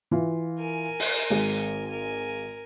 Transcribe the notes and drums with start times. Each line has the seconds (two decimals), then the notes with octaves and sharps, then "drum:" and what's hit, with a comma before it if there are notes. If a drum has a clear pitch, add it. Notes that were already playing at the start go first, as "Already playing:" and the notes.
0.11 E3 F4
0.59 A#4 G#5
1.00 drum: open hi-hat
1.30 G#1 G#3
1.88 A#4 G#5